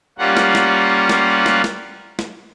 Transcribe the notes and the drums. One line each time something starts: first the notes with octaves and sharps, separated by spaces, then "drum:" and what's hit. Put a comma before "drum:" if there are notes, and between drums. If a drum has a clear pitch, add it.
G3 A#3 C#4 F4 F#5
drum: snare
drum: snare
drum: snare
drum: snare
drum: snare
drum: snare